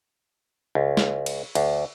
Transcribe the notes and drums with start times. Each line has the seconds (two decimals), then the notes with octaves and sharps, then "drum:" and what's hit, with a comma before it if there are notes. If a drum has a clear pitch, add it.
0.75 C#2
0.97 drum: snare
1.26 drum: cymbal
1.55 D2, drum: cymbal